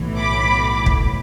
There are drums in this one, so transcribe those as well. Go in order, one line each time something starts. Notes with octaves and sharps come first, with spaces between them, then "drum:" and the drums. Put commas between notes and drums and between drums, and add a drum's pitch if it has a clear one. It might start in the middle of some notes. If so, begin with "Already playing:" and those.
Already playing: B1 A2 E3
B5 D6
drum: kick